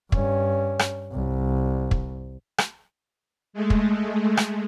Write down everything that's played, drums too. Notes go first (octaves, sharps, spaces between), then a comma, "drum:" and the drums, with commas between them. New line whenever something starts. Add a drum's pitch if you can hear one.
G2 C#4, drum: kick
drum: rim click
C2
drum: kick
drum: rim click
G#3 A3
drum: kick
drum: rim click